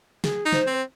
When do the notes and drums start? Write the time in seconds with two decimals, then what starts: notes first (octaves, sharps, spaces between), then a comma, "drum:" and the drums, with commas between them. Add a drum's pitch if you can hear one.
0.24 G#4, drum: snare
0.46 D#4
0.52 C5, drum: snare
0.67 C4